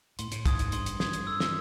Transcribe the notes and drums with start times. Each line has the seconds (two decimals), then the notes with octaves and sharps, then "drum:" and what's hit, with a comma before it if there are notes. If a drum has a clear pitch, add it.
0.19 A2 C6, drum: hi-hat
0.32 A2, drum: hi-hat
0.46 G#2 D#6 G#6, drum: kick, hi-hat
0.59 G#2, drum: hi-hat
0.72 G2 C6, drum: hi-hat
0.86 drum: hi-hat
1.00 D#6 G#6, drum: snare
1.13 drum: hi-hat
1.27 E6
1.40 drum: snare